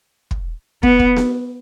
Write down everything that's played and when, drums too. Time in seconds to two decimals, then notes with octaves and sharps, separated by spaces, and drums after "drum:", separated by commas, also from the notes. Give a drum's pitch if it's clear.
0.31 drum: kick
0.83 B3, drum: kick
0.99 drum: kick
1.17 drum: snare B3